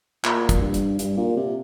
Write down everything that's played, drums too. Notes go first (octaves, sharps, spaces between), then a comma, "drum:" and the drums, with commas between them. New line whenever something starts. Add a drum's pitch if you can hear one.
A#2, drum: clap
drum: kick, hi-hat
G2
drum: hi-hat
G2, drum: hi-hat
A#2
C3